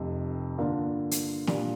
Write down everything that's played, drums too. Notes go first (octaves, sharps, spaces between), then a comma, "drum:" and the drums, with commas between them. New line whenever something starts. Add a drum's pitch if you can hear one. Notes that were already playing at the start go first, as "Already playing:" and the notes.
Already playing: F1 F2 C3
G2 D3 A#3 D4 F4
drum: hi-hat
A#2 G3 D4 F4, drum: snare